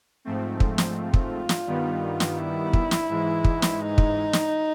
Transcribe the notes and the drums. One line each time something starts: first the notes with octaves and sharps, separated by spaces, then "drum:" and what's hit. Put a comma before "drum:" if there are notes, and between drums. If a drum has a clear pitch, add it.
G#2 F3 A3 C4
drum: kick
drum: snare
F4
drum: kick
drum: snare
G2 D#3 G3 B3
drum: snare
E4
drum: kick
drum: snare
G#2 E3 G#3
drum: kick
drum: snare
D#4
drum: kick
drum: snare